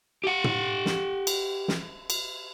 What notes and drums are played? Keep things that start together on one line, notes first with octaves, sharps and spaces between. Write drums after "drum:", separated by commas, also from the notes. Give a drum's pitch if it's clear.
G4 F#5
drum: tom
drum: snare
drum: cymbal
drum: snare
drum: cymbal